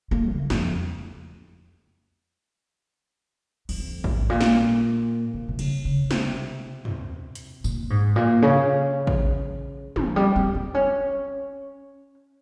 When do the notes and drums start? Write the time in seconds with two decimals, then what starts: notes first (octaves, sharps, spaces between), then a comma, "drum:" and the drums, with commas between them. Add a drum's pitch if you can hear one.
0.11 A#3
0.31 C#3
0.50 F2, drum: snare
3.69 E2, drum: cymbal
3.78 F2
4.04 G#2, drum: kick A1
4.30 A#2
4.41 drum: snare
5.34 C3
5.49 C3
5.59 C#3, drum: cymbal
5.85 C#3
6.11 C3, drum: snare
6.85 drum: tom
7.35 drum: hi-hat
7.64 A#2, drum: tambourine
7.90 G#2
8.16 A#2
8.42 C#3
9.07 drum: kick A1
9.96 F3, drum: tom
10.16 G3
10.36 C4
10.55 C4
10.75 C#4